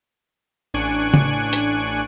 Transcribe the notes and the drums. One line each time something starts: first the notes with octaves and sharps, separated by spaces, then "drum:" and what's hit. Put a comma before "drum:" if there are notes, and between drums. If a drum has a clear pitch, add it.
A1 D4 G#5 C#6 F#6 D7
drum: tom C#3
drum: hi-hat